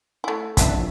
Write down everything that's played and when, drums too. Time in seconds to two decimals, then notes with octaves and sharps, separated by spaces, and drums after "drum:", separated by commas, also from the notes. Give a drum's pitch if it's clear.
0.24 A3 E4
0.57 A1 C4 D4 E5, drum: kick, hi-hat
0.73 A#1